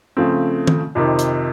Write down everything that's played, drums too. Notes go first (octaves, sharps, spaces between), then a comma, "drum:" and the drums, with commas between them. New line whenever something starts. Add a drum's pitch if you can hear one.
C#3 F3 A3 C4
drum: tom D#3
F2 C3 D#3
drum: hi-hat